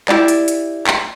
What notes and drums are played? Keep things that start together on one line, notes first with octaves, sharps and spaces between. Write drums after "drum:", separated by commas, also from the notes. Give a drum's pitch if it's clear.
E4 G4 D5, drum: clap
drum: hi-hat
drum: hi-hat
drum: clap